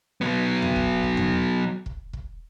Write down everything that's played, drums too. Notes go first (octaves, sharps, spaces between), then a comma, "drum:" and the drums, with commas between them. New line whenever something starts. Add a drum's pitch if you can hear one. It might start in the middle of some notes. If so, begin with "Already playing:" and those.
F#3 B3
drum: tom E2
drum: kick
drum: kick
drum: tom E2
drum: kick
drum: kick